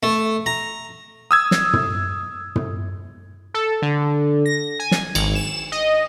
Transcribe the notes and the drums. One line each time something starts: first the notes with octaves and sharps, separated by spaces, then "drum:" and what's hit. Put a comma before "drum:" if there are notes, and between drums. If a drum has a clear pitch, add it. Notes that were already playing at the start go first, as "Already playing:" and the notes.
A3
A#5
D#6 E6 G#6
drum: snare
drum: tom
drum: tom
A4
D3
A#6
G#5
drum: snare
G#1, drum: cymbal
E7
D#5